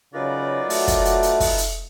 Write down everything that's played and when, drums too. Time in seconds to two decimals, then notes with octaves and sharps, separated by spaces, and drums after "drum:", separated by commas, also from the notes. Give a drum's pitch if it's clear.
0.14 C#3 F#3 D#4 F4 A#4 B4 D5
0.70 A3 F#4, drum: open hi-hat
0.88 drum: kick, hi-hat
1.05 drum: hi-hat
1.23 drum: hi-hat
1.40 drum: kick, open hi-hat
1.58 drum: hi-hat